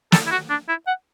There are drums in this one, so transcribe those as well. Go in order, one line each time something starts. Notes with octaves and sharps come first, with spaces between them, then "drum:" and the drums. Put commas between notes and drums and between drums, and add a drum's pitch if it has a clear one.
A4, drum: snare
E4
F#4
D4
E4
F#5